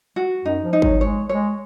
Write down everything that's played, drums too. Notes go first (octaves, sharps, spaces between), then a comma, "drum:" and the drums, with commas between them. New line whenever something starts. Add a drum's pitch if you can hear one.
F#4
F#2 D#4
F3
D#4
F#3, drum: kick G#1
G#3 C#5
G#3 C#5